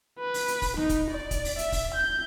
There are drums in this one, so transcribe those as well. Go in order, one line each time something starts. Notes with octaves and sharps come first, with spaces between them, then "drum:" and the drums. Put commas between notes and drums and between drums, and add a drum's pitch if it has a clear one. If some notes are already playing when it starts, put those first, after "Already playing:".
B4
drum: open hi-hat
drum: hi-hat
drum: kick, open hi-hat
D#4, drum: snare
drum: kick, hi-hat
D5
drum: kick, hi-hat
drum: open hi-hat
E5, drum: hi-hat
drum: kick, open hi-hat
G6